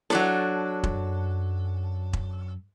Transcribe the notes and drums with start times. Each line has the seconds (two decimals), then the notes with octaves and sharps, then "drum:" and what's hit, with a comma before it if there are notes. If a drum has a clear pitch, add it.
0.10 F#3 D4 A4, drum: snare E4
0.84 F#2, drum: kick E1
2.13 drum: kick E1